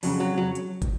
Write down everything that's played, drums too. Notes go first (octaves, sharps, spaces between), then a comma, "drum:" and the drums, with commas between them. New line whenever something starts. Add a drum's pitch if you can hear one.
F2 C#3 F#3, drum: open hi-hat
F#3
F#3
drum: hi-hat
drum: kick, hi-hat